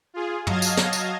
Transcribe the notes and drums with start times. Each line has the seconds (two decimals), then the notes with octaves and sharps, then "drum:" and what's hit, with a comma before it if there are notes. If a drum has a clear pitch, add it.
0.14 F4 G#4
0.47 F#3 D#5 F5 A5 G#6 A#6, drum: tom
0.62 drum: tambourine
0.77 drum: snare
0.93 drum: tambourine